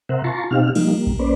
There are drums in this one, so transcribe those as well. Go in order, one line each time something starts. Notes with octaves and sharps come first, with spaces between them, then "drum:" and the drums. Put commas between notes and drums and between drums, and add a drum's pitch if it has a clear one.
C3 A#4 C5 E5 F#5
F4 A5 A#5 C6 C#6
B2 C4 D#4 G4 F5 F6
F3 G3 A#3 D#4, drum: cymbal
G3 A#3
drum: kick A#1
A#3 C#4 B4 C5 D5